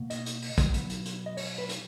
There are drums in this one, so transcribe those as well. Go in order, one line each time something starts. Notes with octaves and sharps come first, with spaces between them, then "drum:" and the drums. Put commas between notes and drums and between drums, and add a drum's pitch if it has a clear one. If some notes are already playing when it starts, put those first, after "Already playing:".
Already playing: B2 A#3
D#5, drum: hi-hat
drum: hi-hat
drum: open hi-hat
drum: kick, hi-hat
B2 F#3 B3, drum: hi-hat
drum: hi-hat
drum: hi-hat
D#5
C#5, drum: open hi-hat
B4
drum: hi-hat